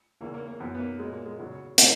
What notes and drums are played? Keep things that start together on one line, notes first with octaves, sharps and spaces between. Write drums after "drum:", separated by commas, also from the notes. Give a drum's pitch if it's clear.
E2 C#3 E3 A#3
A#3
A#3
F#2 E3 B3
B3
A#3
A#2 F#3 G#3
A#3
G#3
E2 C#3 F#3
D#3 A#3, drum: hi-hat